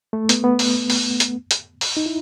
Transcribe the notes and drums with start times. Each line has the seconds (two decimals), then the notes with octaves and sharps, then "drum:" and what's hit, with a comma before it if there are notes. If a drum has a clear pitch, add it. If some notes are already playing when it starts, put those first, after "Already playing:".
0.13 A3
0.29 B3, drum: hi-hat
0.44 B3
0.59 drum: open hi-hat
0.90 drum: open hi-hat
1.20 drum: hi-hat
1.51 drum: hi-hat
1.81 drum: open hi-hat
1.97 D#4
2.06 E4